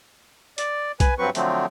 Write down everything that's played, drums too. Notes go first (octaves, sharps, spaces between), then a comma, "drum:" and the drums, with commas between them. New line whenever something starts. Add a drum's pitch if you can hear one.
D5, drum: hi-hat
B4 G#5, drum: kick B1, hi-hat
G2 F#3 C4 B4 C#6
D3 F3 F#3 A3 C4, drum: hi-hat